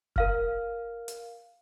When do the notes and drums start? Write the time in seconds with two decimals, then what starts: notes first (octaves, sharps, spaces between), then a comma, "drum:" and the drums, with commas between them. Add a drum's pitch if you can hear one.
0.16 A#4 F5 F6, drum: kick
1.08 drum: hi-hat